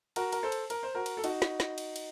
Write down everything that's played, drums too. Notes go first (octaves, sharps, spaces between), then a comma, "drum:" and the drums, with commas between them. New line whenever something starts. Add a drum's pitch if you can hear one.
F#4 A#4, drum: cymbal
A#4, drum: cymbal
A4 C5
drum: cymbal
A#4, drum: cymbal
C5
F#4 A#4
drum: cymbal
A4
D#4 F#4, drum: cymbal
drum: snare
drum: snare
drum: cymbal
drum: cymbal